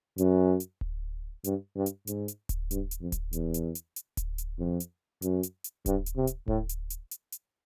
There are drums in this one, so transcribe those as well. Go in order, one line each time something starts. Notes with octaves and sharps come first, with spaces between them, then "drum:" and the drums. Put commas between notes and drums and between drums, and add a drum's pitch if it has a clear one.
F#2, drum: hi-hat
drum: hi-hat
drum: kick D1
G2, drum: hi-hat
G2
drum: hi-hat
G#2, drum: hi-hat
drum: hi-hat
drum: kick D1, hi-hat
G2, drum: hi-hat
drum: hi-hat
F2
drum: kick D1, hi-hat
E2, drum: hi-hat
drum: hi-hat
drum: hi-hat
drum: hi-hat
drum: kick D1, hi-hat
drum: hi-hat
F2
drum: hi-hat
F#2, drum: hi-hat
drum: hi-hat
drum: hi-hat
G2, drum: kick D1, hi-hat
drum: hi-hat
C3
drum: hi-hat
A2, drum: kick D1
drum: hi-hat
drum: hi-hat
drum: hi-hat
drum: hi-hat